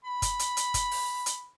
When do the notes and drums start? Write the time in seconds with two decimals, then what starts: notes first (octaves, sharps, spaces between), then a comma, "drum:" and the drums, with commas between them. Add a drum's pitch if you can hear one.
0.05 B5
0.22 drum: kick G1, hi-hat
0.39 drum: hi-hat
0.57 drum: hi-hat
0.74 drum: kick G1, hi-hat
0.91 drum: open hi-hat
1.26 drum: hi-hat